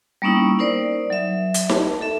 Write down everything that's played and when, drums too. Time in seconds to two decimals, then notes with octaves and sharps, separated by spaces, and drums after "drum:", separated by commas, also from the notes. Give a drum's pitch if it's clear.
0.22 G3 A#3 B3 C#4 D#4 E4
0.59 D#4 A#4 C5 D5
1.10 F#3 E5
1.54 drum: hi-hat
1.69 A5, drum: snare D#4
2.01 A4 E5